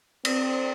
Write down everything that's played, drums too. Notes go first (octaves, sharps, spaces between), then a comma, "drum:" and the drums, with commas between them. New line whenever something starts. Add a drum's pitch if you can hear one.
C4 D5, drum: cymbal